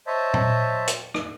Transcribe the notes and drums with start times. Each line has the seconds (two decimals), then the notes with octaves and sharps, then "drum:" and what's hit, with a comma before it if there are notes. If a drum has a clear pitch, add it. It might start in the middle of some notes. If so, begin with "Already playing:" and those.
0.07 C5 C#5 D#5 E5 A5
0.34 drum: tom A#2
0.88 drum: hi-hat
1.14 drum: rim click